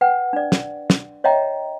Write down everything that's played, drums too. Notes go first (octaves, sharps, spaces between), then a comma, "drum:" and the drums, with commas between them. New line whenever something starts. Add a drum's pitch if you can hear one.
B4 F#5 G5
D4 D5
drum: snare
drum: snare
C#5 D#5 E5 G5 A#5